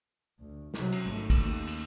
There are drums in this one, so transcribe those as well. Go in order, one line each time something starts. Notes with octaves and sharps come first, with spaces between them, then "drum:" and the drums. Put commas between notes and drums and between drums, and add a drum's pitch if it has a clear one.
D2
C3 F#3, drum: snare
drum: cymbal
G#1 A3
drum: kick G#1, cymbal
D#2
drum: cymbal